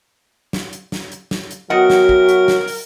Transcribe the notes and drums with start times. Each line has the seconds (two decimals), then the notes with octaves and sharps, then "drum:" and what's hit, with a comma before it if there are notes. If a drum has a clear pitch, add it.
0.53 drum: snare
0.73 drum: hi-hat
0.92 drum: snare
1.12 drum: hi-hat
1.31 drum: snare
1.51 drum: hi-hat
1.70 F#3 B3 F#4 A#4 D#5 E5 F#5 G5
1.90 drum: snare
2.09 drum: kick
2.29 drum: hi-hat
2.48 drum: snare
2.68 drum: open hi-hat